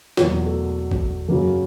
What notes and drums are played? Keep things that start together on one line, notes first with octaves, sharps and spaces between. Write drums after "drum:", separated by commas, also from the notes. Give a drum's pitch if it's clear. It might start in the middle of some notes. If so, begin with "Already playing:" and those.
E2 B2 F#3 A#3, drum: snare
A3
drum: kick
F#2 C#3 F#3 A#3